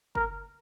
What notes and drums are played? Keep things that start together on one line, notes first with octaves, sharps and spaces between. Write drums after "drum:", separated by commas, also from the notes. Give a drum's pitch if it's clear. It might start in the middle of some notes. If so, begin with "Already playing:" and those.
A#4, drum: kick